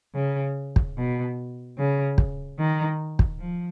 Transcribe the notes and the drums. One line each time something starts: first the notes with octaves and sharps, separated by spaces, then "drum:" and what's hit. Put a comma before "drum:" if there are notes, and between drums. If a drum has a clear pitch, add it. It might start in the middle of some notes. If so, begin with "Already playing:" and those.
C#3
drum: kick
B2
C#3
drum: kick
D#3
drum: kick
F3